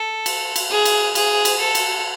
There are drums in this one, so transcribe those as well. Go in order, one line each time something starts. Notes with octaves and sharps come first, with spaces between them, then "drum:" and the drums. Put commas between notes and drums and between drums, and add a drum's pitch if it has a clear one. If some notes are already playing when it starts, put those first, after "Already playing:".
Already playing: A4
drum: cymbal
drum: cymbal
G#4
drum: cymbal
G#4, drum: cymbal
drum: cymbal
A4
drum: cymbal